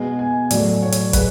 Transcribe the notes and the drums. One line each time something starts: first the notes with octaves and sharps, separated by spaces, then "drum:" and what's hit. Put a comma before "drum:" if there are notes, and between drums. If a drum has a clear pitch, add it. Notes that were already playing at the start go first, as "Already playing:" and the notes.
Already playing: B2 G#3 B3 G#5
G#5
A2 F#3 A3 D5, drum: hi-hat
C#5
drum: hi-hat
G#3 B4, drum: kick, hi-hat